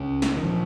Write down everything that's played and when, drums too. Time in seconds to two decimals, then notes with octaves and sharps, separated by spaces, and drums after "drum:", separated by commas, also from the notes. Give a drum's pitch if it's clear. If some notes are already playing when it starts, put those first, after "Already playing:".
Already playing: C#2 C#3
0.22 drum: snare
0.37 D#3
0.43 A#2 F3